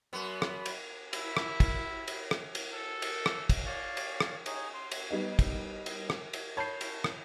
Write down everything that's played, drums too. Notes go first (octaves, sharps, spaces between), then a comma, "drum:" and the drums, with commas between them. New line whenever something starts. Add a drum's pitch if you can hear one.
F#2 B3
drum: rim click
drum: cymbal
E4, drum: cymbal
drum: rim click
drum: kick, cymbal
drum: cymbal
drum: rim click
drum: cymbal
A4
drum: cymbal
drum: rim click
drum: kick, cymbal
C#5 D5 F5
drum: cymbal
drum: rim click
D#4 G#4 C#5, drum: cymbal
C6
drum: cymbal
G3 B3 D#4
drum: kick, cymbal
drum: cymbal
drum: rim click
drum: cymbal
C#5 A5 B5 G6 C7
drum: cymbal
drum: rim click